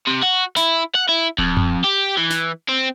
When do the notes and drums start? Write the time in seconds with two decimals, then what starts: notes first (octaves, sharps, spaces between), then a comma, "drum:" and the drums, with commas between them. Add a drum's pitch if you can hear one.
0.07 C3
0.23 F#4
0.56 E4, drum: snare
0.95 F#5
1.09 E4
1.38 F2, drum: kick D1
1.57 drum: tom F#2
1.84 G4
2.17 E3
2.30 drum: snare
2.69 C4